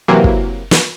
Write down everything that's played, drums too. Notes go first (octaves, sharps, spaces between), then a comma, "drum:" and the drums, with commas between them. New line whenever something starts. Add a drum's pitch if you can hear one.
C3 E3 F#3 A#3
drum: kick
drum: snare